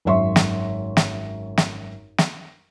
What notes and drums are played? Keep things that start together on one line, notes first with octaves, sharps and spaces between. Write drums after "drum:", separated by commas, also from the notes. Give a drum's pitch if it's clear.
G#1 F#2 C#5 E5 C6 C#6
drum: snare
drum: snare
drum: snare
drum: snare